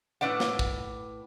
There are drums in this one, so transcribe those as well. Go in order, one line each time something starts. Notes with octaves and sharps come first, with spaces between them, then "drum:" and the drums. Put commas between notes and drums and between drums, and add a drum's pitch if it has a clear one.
A2 B4 D5 F#5
drum: snare
drum: kick